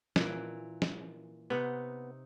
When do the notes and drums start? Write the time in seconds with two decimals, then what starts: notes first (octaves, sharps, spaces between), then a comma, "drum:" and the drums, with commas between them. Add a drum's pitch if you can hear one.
0.16 A#2 E3 A#3, drum: snare
0.82 drum: snare
1.50 C3 B3 D#4 F#5